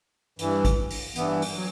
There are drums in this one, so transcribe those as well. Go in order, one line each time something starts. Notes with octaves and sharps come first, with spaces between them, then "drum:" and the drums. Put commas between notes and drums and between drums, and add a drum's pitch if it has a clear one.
G2 E3, drum: hi-hat
drum: kick, hi-hat
drum: open hi-hat
G2 E3 B3, drum: hi-hat
drum: open hi-hat
F#3